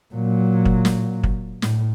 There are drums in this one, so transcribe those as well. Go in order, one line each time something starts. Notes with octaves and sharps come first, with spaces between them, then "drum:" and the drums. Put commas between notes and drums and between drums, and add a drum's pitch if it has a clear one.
A#2 F#3
drum: kick
drum: snare
drum: kick
A2, drum: snare